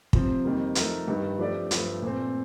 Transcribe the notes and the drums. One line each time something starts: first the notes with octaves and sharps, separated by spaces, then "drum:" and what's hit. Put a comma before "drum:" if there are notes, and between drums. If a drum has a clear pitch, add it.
C3 F3 C4, drum: kick
F2 D#3 G3 A#3
F3 A3 D#4 A#4, drum: hi-hat
G2 D#3 G3
F3 A3 D4 G4 D5
G2 F3 A3, drum: hi-hat
A#2 A3 C4